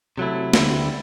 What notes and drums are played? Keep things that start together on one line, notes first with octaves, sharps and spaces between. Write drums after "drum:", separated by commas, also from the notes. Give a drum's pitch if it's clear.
C3 F#3 A3 E4
D2 D3 G3 C4 E4, drum: snare